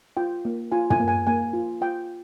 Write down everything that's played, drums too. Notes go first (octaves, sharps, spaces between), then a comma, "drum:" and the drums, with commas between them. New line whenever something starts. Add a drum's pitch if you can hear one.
F4 G5
A#3
F4 G#5
G#5, drum: tom
A#3
G#5
A#3 G#5
F4
F4 G5